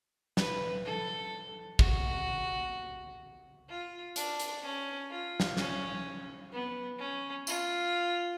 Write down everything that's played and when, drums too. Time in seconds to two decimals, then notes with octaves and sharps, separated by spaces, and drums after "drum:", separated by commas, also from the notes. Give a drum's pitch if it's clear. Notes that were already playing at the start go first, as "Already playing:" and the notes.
0.37 B4, drum: snare
0.85 A4
1.79 F#4, drum: kick
3.69 F4
4.16 D4, drum: hi-hat
4.40 drum: hi-hat
4.63 C#4
5.10 F4
5.40 drum: snare
5.57 C#4, drum: snare
6.52 B3
6.99 C#4
7.47 F4, drum: tambourine